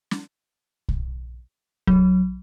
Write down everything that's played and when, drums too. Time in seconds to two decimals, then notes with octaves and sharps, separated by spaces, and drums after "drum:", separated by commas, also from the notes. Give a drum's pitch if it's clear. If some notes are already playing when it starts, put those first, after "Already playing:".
0.11 drum: snare
0.88 drum: kick B1
1.87 F#3, drum: kick B1